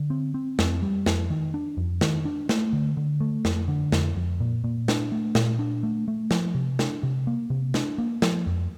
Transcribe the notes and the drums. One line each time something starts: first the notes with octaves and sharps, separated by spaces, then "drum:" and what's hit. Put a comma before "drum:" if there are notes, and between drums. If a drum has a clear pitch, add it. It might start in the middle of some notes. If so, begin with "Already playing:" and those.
Already playing: D3
C4
C4
F2, drum: snare
G3
F2, drum: snare
D#3
D4
F2
D#3, drum: snare
D4
A3, drum: snare
D3
D3
A3
F2, drum: snare
D3
F2, drum: snare
F2
A#2
A#2
D4, drum: snare
A3
A#2, drum: snare
D4
A3
A3
F3, drum: snare
C3
D4, drum: snare
C3
A#3
C3
D4, drum: snare
A#3
F3, drum: snare
F2